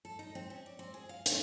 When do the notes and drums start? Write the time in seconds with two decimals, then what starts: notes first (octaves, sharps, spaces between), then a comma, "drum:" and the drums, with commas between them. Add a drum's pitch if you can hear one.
0.05 A4
0.19 D#4
0.35 C4
0.50 C#4
0.66 D5
0.79 C4
0.94 G#4
1.09 F5
1.26 C#4, drum: hi-hat